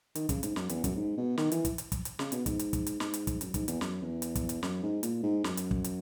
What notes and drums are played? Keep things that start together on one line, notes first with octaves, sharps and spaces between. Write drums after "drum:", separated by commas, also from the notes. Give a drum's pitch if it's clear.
D#3, drum: hi-hat
C#3, drum: kick, hi-hat
G#2, drum: hi-hat
F#2, drum: snare
E2, drum: hi-hat
F#2, drum: kick, hi-hat
G#2
B2
D#3, drum: snare
E3, drum: hi-hat
drum: kick, hi-hat
drum: hi-hat
drum: kick, hi-hat
drum: hi-hat
C#3, drum: snare
B2, drum: hi-hat
G#2, drum: kick, hi-hat
drum: hi-hat
drum: kick, hi-hat
drum: hi-hat
G#2, drum: snare
drum: hi-hat
drum: kick, hi-hat
F#2, drum: hi-hat
G#2, drum: kick, hi-hat
E2, drum: hi-hat
F#2, drum: snare
E2
drum: hi-hat
drum: kick, hi-hat
drum: hi-hat
F#2, drum: snare
G#2
A#2, drum: hi-hat
G#2
F#2, drum: snare
drum: hi-hat
drum: kick
drum: hi-hat